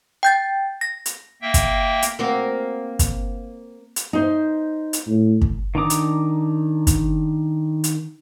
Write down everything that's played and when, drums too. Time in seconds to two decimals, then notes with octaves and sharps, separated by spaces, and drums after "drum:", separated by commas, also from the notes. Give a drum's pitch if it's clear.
0.23 G5 G6 A6
0.81 A#6
1.06 drum: hi-hat
1.42 A#3 E5 G5
1.54 drum: kick, hi-hat
2.02 drum: hi-hat
2.19 A#3 C4 F#4
2.99 drum: kick, hi-hat
3.96 drum: hi-hat
4.13 D#4 C5
4.93 drum: hi-hat
5.07 A2
5.41 drum: kick
5.75 D#3 D4 A#5 D6 D#6
5.90 drum: hi-hat
6.87 drum: kick, hi-hat
7.84 drum: hi-hat